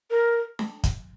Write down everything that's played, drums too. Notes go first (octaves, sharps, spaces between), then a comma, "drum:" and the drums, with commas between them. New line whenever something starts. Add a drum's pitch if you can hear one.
A#4
drum: snare D4
drum: kick, hi-hat